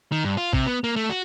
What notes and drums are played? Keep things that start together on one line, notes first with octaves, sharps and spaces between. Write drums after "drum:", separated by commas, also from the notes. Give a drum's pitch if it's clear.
D#3
G2
F4
C3, drum: kick A1
B3
A#3
A3
F#4